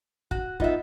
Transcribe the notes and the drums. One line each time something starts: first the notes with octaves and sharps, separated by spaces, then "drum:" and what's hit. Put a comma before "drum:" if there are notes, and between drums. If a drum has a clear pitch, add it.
F#4, drum: kick
B3 D#4 F4 D#5 E5, drum: kick